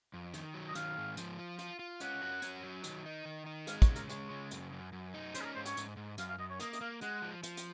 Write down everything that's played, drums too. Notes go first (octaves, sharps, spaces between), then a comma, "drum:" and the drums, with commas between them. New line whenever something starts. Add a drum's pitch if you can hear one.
F2
D#3, drum: hi-hat
F#3
D#5
D#3 F5, drum: hi-hat
G#2
F3, drum: hi-hat
F4
F4, drum: hi-hat
F4
C#4 F#5, drum: hi-hat
F#4
C#4, drum: hi-hat
F#3
D#3, drum: hi-hat
D#4
D#3
D#4
G#3 F5, drum: hi-hat
C#5, drum: kick, hi-hat
C#3
A#4, drum: hi-hat
G#3 C#5, drum: hi-hat
C#3
F#2, drum: hi-hat
F#2
F#2
D#4
C#4 C5, drum: hi-hat
G#4
A#4
G#2 C5
C#5, drum: hi-hat
G#2, drum: hi-hat
G#2
F#2 F5, drum: hi-hat
F5
F#2 D#5
C#5
A#3 D#5, drum: hi-hat
D#5, drum: hi-hat
A#3 F5
G#3 F#5, drum: hi-hat
F3
F3, drum: hi-hat
drum: hi-hat